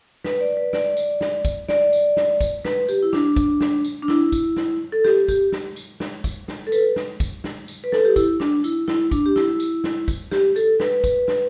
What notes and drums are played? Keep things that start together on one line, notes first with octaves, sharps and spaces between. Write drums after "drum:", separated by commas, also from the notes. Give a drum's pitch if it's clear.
B4, drum: snare
D5
B4
D5, drum: snare
drum: tambourine
drum: snare
drum: kick, tambourine
D5, drum: snare
drum: tambourine
drum: snare
drum: kick, tambourine
B4, drum: snare
G4, drum: tambourine
E4
D4, drum: snare
drum: kick, tambourine
drum: snare
drum: tambourine
D4
E4, drum: snare
drum: kick, tambourine
drum: snare
A4
G4, drum: snare
G4, drum: kick, tambourine
drum: snare
drum: tambourine
drum: snare
drum: kick, tambourine
drum: snare
A4
B4, drum: tambourine
drum: snare
drum: kick, tambourine
drum: snare
drum: tambourine
B4
A4, drum: snare
G4
E4, drum: kick, tambourine
D4, drum: snare
E4, drum: tambourine
E4, drum: snare
D4, drum: kick, tambourine
G4
E4, drum: snare
drum: tambourine
drum: snare
drum: kick, tambourine
G4, drum: snare
A4, drum: tambourine
B4, drum: snare
drum: kick, tambourine
drum: snare